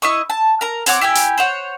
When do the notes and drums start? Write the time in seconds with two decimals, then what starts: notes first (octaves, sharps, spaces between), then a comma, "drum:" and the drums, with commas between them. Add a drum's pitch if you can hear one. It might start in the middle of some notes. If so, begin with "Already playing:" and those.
0.02 E4 D#5 C#6
0.30 A5
0.61 A#4 A#5
0.86 C4 C#5 F#5 D6, drum: hi-hat
1.01 E4 G4 G5 G#5
1.15 drum: hi-hat
1.38 C5 C#5 F#5